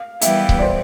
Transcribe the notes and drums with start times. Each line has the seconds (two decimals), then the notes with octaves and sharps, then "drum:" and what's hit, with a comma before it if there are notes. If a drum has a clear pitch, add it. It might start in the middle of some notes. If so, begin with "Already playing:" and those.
Already playing: F5
0.21 E3 G3 B3 E4 G4 E5, drum: hi-hat
0.49 drum: kick C#1
0.59 D5
0.62 C5